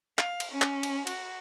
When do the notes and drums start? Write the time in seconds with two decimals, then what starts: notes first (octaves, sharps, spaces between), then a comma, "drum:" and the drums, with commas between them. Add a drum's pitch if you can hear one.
0.19 F5, drum: clap
0.40 drum: cymbal
0.51 C#4
0.62 drum: clap
0.83 drum: cymbal
1.07 F#4, drum: cymbal